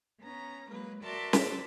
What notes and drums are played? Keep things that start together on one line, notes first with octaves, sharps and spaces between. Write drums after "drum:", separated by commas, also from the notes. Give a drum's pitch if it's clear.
B3 C#4 A#5
F#3 G#3 A#3 B4
F#4 A#4 D5 E5 A5 C6
drum: snare